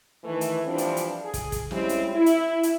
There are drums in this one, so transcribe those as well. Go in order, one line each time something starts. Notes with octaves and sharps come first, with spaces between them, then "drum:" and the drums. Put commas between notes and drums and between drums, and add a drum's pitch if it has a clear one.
D#3 E3 A3
drum: hi-hat
E3 F3 G3 C4 D4
drum: hi-hat
drum: hi-hat
G#4
drum: kick, hi-hat
drum: kick, hi-hat
G3 G#3 C4 C#4 E4 G4, drum: snare
drum: hi-hat
E4
drum: hi-hat
drum: hi-hat